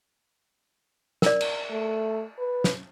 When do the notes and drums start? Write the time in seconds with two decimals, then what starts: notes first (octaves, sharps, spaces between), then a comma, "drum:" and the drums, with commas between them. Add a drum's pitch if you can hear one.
1.22 A#4 D5, drum: snare
1.41 drum: cymbal
1.70 A3
2.38 B4
2.64 drum: snare